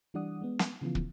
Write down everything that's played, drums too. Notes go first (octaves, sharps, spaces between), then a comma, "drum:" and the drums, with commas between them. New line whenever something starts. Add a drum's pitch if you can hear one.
E3 G3 D4 D5 F#5 D#6
G#3 B3
drum: snare
C#3 E3 F3 B3 F4
drum: kick